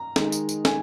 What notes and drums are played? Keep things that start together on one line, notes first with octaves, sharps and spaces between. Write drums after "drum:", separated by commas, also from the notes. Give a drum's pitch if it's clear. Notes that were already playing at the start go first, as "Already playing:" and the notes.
Already playing: A#5
D#3 G#3 D#4, drum: snare
drum: tambourine
drum: tambourine
G#5, drum: snare